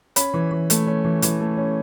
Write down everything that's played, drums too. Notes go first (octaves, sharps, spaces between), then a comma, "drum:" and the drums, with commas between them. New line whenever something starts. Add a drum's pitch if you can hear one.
C#4 B5, drum: hi-hat
E3
E3
A3, drum: hi-hat
C#4
E3
E3, drum: hi-hat
A3
C#4